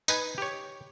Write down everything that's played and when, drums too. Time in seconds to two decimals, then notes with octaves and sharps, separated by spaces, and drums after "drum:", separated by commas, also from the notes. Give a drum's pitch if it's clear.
0.08 D#4 B4 G#5, drum: tambourine
0.38 G4 C#5